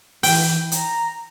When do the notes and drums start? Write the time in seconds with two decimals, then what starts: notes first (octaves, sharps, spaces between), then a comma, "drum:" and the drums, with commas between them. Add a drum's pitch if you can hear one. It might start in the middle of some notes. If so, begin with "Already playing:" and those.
0.23 E3 G5, drum: open hi-hat
0.72 A#5, drum: hi-hat